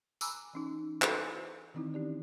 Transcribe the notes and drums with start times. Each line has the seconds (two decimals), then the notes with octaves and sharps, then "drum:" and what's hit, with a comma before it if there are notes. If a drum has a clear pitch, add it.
0.21 G#5 A#5 B5 D6 E6 F#6, drum: tambourine
0.54 E3 C#4 D#4
1.02 E4 F#4 A4 B4 C5, drum: clap
1.74 D#3 E3 C4 D#4 E4
1.94 C#4 G4 D5